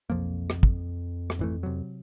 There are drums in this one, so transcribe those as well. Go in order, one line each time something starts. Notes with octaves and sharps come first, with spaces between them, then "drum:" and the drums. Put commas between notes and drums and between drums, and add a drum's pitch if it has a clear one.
B1 F2 F3 A#3
drum: rim click
drum: kick
drum: rim click
G#1 E3 A3
C3 F#3